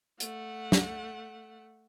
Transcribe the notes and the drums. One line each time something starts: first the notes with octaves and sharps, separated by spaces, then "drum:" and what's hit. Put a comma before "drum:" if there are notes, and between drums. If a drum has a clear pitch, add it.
A3 F#5, drum: hi-hat
drum: snare